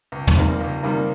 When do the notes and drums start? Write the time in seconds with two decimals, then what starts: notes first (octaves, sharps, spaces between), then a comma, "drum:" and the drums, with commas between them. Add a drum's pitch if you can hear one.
0.12 C#2
0.27 drum: tom
0.37 C3 D#3 G3 A#3
0.60 C#2
0.83 C3 D#3 G3 A#3